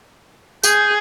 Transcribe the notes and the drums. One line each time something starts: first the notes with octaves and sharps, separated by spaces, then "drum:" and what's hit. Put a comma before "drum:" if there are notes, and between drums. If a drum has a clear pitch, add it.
G#4 G6, drum: tambourine